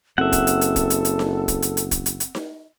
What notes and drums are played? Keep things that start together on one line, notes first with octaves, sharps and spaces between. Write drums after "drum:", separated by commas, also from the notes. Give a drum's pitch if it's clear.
F#1 C4 A4 E5 F#5
drum: kick, hi-hat
drum: hi-hat
drum: hi-hat
drum: kick, hi-hat
drum: hi-hat
drum: hi-hat
drum: snare D#4
drum: kick, hi-hat
drum: hi-hat
drum: hi-hat
drum: kick, hi-hat
drum: hi-hat
drum: hi-hat
drum: snare D#4